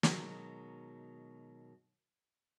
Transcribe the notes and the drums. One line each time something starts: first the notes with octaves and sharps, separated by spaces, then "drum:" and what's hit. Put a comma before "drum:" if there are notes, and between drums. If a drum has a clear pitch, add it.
B2 D#3 F#3 G#3, drum: snare